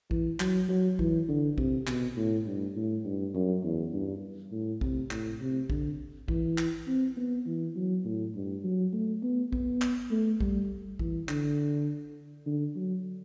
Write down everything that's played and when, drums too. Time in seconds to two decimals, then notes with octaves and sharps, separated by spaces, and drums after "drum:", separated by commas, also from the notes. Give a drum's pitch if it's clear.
0.11 E3, drum: kick
0.40 F#3, drum: clap
0.69 F#3
0.99 E3, drum: kick
1.28 D3
1.58 C3, drum: kick
1.87 B2, drum: clap
2.16 A2
2.46 G2
2.76 A2
3.05 G2
3.34 F#2
3.64 E2
3.93 G2
4.52 A2
4.81 C3, drum: kick
5.11 A2, drum: clap
5.40 C3
5.70 D3, drum: kick
6.28 E3, drum: kick
6.58 drum: clap
6.87 C4
7.17 B3
7.47 E3
7.76 F#3
8.05 A2
8.35 G2
8.64 F#3
8.93 A3
9.23 B3
9.52 B3, drum: kick
9.82 drum: clap
10.11 A3
10.40 G3, drum: kick
10.99 E3, drum: kick
11.29 D3, drum: clap
12.46 D3
12.76 F#3